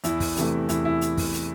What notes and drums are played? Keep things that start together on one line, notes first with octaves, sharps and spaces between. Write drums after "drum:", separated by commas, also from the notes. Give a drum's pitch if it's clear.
E2 E4, drum: hi-hat
drum: kick, open hi-hat
C3 E3 A3, drum: hi-hat
E2 E4, drum: hi-hat
E4
drum: hi-hat
drum: kick, open hi-hat
drum: hi-hat